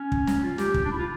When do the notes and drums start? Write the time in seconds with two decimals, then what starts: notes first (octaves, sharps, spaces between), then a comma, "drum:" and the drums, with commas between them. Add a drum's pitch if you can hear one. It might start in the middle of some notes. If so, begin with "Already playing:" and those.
Already playing: C#4
0.12 drum: kick
0.27 drum: snare
0.43 F4
0.58 G4, drum: snare
0.74 drum: kick
0.85 D4
0.91 E4
0.98 F4